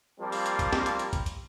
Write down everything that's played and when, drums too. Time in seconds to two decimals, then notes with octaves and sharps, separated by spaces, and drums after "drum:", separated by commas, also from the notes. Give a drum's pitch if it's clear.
0.19 F3 G3 A#3 C4
0.32 drum: open hi-hat
0.46 drum: hi-hat
0.59 drum: kick, hi-hat
0.73 drum: snare
0.86 drum: hi-hat
0.99 drum: hi-hat
1.13 drum: kick, hi-hat
1.26 drum: hi-hat